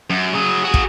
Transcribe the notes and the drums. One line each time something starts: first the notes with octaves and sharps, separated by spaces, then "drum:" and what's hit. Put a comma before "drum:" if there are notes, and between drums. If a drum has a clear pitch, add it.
F#2
F#3 G#4
F#4 G#4
drum: kick